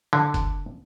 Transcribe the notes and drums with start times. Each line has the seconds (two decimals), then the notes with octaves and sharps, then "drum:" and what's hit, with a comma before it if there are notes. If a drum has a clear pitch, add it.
0.13 D3
0.34 drum: kick F#1, hi-hat